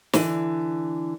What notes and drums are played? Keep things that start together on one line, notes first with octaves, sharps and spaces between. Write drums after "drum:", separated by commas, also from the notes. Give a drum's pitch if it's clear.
D3 E3, drum: snare